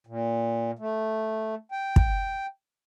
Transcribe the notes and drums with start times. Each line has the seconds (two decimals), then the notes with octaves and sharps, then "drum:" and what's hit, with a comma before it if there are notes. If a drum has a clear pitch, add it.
0.07 A#2
0.79 A3
1.72 G5
1.96 drum: kick